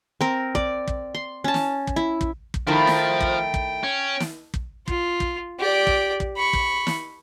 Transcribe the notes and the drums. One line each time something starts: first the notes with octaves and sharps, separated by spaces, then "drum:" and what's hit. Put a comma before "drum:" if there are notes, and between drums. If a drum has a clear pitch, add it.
C4 A#4
D5, drum: kick
drum: kick
C6
C#4 A5
drum: snare
drum: kick
E4
drum: kick
drum: kick
D#3 F3 A3 E4 G5
drum: snare
drum: kick
drum: kick
C#4
drum: snare
drum: kick
F4, drum: kick
drum: kick
G4 D5
drum: kick
drum: kick
B5 C#6
drum: kick
drum: snare